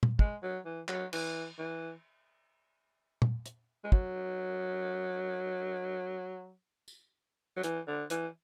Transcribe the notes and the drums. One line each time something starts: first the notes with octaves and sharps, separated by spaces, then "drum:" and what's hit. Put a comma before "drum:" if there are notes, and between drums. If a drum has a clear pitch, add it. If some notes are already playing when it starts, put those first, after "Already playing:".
drum: tom A#2
G#3, drum: kick
F#3
E3
F#3, drum: clap
E3, drum: cymbal
E3
drum: tom A#2
drum: hi-hat
G#3
F#3, drum: kick
drum: tambourine
F#3
E3, drum: hi-hat
D3
E3, drum: hi-hat